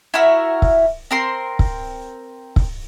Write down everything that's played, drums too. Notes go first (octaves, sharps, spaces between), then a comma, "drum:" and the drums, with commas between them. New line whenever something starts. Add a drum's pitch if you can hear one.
E4 F#4 A#4 E5
drum: kick
C4 A#4 C6
drum: kick
drum: kick